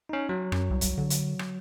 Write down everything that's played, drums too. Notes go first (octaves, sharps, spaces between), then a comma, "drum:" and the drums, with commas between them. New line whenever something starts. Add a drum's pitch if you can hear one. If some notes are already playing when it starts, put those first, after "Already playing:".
C#4 D#4
F#3
F#2, drum: rim click
C2
drum: kick, hi-hat
D3
drum: hi-hat
drum: rim click